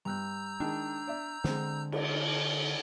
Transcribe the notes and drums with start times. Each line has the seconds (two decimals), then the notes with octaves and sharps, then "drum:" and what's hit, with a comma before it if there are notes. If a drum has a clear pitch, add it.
0.05 G2 A#5 E6 F#6 G6
0.60 D#3 G#3 D4 A5
1.07 D5 E5
1.44 D3 G#3 C4, drum: snare
1.92 drum: cymbal